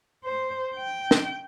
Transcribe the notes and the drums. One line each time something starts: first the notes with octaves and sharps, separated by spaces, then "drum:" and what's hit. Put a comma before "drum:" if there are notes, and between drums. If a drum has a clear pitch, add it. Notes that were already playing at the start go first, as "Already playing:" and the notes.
C5
G5
drum: snare